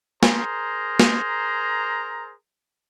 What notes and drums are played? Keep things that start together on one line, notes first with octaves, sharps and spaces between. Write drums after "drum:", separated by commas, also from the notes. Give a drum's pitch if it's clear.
G#4 A#4 C5 A#5, drum: snare
drum: snare